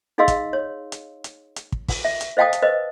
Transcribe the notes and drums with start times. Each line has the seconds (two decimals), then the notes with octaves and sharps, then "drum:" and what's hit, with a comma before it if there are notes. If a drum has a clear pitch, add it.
0.18 D#4 G#4 D#5 F5 C6 E6
0.28 drum: kick, hi-hat
0.53 C#5
0.92 drum: hi-hat
1.24 drum: hi-hat
1.56 drum: hi-hat
1.72 drum: kick
1.88 drum: kick, open hi-hat
2.05 E5
2.21 drum: hi-hat
2.37 C5 D#5 F5 G5 A5 D#6
2.53 drum: hi-hat
2.62 B4 C5 D#5